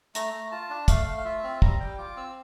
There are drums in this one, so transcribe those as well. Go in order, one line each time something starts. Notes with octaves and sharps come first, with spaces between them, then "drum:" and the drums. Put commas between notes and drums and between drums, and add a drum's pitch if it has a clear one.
A3 A#5, drum: hi-hat
A3
F4 A5
D4
A3 F5, drum: kick, hi-hat
A3
F5
F4 E5
C4
G3 A#5, drum: kick
G3 G5
F4 D6
C4 E6